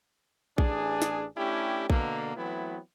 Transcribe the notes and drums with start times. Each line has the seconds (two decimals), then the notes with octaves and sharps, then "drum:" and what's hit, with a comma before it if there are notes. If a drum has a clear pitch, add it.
0.58 A1 D4 G#4, drum: kick A#1
1.02 drum: snare
1.37 A3 C#4 D4 E4 G4
1.90 B2 D3 A#3, drum: kick A#1
2.37 E3 F#3 A3 B3 C4 E4